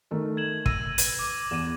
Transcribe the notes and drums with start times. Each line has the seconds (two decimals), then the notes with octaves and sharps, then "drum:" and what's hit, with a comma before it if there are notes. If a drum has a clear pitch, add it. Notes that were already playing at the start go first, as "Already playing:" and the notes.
0.11 D#3 A3 A#4
0.37 G#6 E7 F#7
0.66 E6 A#6 D#7, drum: kick
0.98 B4, drum: hi-hat
1.19 D6
1.51 E2 D#7 E7